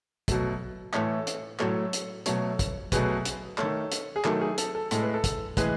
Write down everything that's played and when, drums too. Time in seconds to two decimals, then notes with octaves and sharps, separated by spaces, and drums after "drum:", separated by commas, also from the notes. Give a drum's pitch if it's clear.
0.28 B2 F#3 A3, drum: kick, hi-hat
0.93 A2 E3 A3 A4 C#5, drum: clap
1.27 drum: hi-hat
1.60 A2 F#3 A3 A4 C#5, drum: clap
1.93 drum: hi-hat
2.26 B2 F#3 A3 A4 C#5, drum: hi-hat
2.59 drum: kick, hi-hat
2.92 B2 F#3 A3 G#4 B4, drum: kick, hi-hat
3.25 drum: hi-hat
3.58 D#3 A3 A4 C#5, drum: clap
3.92 drum: hi-hat
4.16 G#4
4.24 D#3 F#3 A3 A4, drum: clap
4.41 G#4
4.58 A4, drum: hi-hat
4.75 A4
4.91 A2 G#3 A4, drum: hi-hat
5.02 B4
5.14 A4
5.24 drum: kick, hi-hat
5.57 A2 E3 G#3 G#4 B4, drum: kick, hi-hat